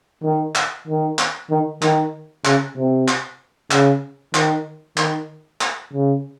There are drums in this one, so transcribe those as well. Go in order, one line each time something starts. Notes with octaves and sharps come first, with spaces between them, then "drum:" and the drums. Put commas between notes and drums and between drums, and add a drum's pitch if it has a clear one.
D#3
drum: clap
D#3
drum: clap
D#3
D#3, drum: clap
C#3, drum: clap
C3
drum: clap
C#3, drum: clap
D#3, drum: clap
D#3, drum: clap
drum: clap
C#3